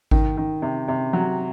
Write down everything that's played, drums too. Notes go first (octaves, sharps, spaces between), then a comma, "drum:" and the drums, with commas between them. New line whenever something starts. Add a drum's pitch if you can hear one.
D#3, drum: kick G#1
D#3
C3
C3
F#3